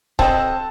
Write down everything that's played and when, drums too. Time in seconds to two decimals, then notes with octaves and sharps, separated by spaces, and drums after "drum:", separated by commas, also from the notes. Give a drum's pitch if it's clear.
0.19 C4 F#4 A4 D#5 A5, drum: kick C#1